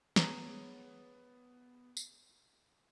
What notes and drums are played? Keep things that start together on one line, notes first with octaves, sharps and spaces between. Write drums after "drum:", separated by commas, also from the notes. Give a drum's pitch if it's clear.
B3 G#4 C#5 A#5 D#7, drum: snare
drum: tambourine